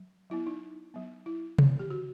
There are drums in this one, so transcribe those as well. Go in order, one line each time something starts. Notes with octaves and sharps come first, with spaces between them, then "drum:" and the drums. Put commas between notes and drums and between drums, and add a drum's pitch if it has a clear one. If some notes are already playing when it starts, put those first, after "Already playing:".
Already playing: F#3
F#3 B3 E4
D#4
F#3 B3
E4
E3 B3, drum: tom C3
G4
F#4